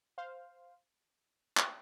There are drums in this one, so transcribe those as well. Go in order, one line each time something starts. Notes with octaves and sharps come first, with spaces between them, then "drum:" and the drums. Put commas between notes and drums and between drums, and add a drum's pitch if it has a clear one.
C5 F5
drum: clap